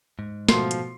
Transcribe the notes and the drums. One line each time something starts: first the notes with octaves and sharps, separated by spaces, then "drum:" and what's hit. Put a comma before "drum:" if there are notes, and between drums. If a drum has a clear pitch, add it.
G#2
B2 F3 A3 C6 C7, drum: snare
drum: hi-hat